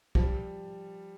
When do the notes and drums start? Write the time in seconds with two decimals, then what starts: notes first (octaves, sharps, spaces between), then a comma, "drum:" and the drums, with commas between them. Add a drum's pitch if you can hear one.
0.15 F3, drum: kick
0.19 G3